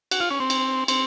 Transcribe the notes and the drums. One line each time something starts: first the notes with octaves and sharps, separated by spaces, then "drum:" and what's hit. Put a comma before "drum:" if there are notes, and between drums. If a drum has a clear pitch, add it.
F#4, drum: cymbal
F4
C#4
C4
drum: cymbal
C4, drum: cymbal